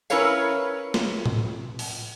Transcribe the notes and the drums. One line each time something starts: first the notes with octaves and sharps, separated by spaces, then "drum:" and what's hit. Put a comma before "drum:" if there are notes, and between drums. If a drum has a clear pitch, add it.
C#4 E4 A#4 B4 C#5 F5, drum: tambourine
drum: snare
drum: tom
drum: open hi-hat